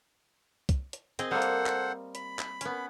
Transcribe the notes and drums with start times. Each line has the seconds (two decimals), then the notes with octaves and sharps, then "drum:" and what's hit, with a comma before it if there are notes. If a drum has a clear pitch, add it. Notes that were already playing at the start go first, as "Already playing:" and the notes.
0.69 drum: kick, hi-hat
0.93 drum: hi-hat
1.19 C4 G#4 D#5, drum: hi-hat
1.31 G3 A#3 A4 C5 F#5
1.42 drum: hi-hat
1.66 drum: clap
2.15 B5, drum: hi-hat
2.39 drum: clap
2.61 B3 C#4, drum: hi-hat